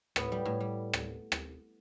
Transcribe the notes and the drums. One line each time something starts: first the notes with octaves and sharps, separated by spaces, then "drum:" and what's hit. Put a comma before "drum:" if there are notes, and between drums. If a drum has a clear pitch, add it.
A2 B3, drum: rim click
G3
A2
G3
drum: rim click
drum: rim click